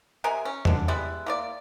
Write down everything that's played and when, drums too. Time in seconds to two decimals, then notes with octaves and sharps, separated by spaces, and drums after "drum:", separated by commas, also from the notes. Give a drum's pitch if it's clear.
0.24 C3 A#4 D#5 G#5
0.45 C#4
0.65 D3 D4, drum: tom E2
0.88 G3 G#3 B3 E4
1.26 A#3 G4 D5